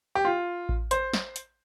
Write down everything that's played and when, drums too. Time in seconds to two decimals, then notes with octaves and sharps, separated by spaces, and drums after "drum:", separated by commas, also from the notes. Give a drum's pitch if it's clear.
0.15 G4
0.25 F4
0.69 drum: kick A1
0.91 C5, drum: hi-hat
1.13 drum: snare
1.36 drum: hi-hat